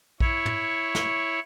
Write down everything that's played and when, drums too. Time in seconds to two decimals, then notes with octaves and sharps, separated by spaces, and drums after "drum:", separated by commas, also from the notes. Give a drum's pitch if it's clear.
0.20 E4 C#5, drum: kick A#1
0.46 drum: tom
0.95 drum: snare